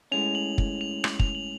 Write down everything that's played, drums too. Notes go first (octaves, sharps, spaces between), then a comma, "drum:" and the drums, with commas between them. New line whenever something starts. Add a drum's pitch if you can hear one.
A2 G#3 C#4 F7
F#7
drum: kick
F7
F#7, drum: rim click
F7, drum: kick
F#7